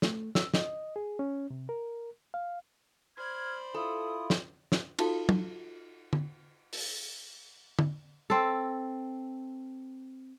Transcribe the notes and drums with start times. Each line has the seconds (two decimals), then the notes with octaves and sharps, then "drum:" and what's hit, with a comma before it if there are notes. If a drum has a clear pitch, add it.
0.02 A3, drum: snare
0.35 E6, drum: snare
0.54 D#5, drum: snare
0.96 G#4
1.19 C#4
1.51 C3
1.69 A#4
2.34 F5
3.16 C5 D5 B5 F6 G#6
3.74 E4 F4 A4 D#6
4.30 drum: snare
4.72 drum: snare
4.99 D#4 F4 F#4 A4 F5, drum: cymbal
5.29 drum: tom
6.13 drum: tom
6.73 drum: open hi-hat
7.79 drum: tom
8.30 C4 A4